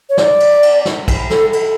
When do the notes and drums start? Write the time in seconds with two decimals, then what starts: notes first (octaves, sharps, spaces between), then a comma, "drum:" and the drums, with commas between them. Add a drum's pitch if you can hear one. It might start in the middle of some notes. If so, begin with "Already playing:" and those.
0.10 C#5
0.17 D5, drum: snare
0.40 drum: cymbal
0.63 drum: cymbal
0.85 drum: snare
1.08 drum: kick, cymbal
1.30 A4, drum: snare
1.53 A4, drum: cymbal